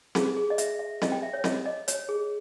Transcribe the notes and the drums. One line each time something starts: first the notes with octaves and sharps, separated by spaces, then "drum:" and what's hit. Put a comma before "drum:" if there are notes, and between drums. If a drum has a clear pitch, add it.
G#4, drum: snare C4
G#4
D#5
E5, drum: hi-hat
E5
D#5, drum: snare C4
G5
E5
C#5
D#5, drum: snare C4
D#5
C#5, drum: hi-hat
G#4